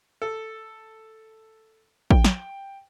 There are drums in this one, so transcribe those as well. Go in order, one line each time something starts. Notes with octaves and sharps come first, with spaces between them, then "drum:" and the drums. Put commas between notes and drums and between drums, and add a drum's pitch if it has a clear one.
A4
G5, drum: kick A1
drum: snare